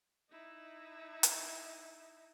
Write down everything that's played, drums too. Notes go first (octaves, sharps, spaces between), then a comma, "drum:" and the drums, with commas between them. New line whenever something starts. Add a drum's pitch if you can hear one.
D#4 E4
drum: hi-hat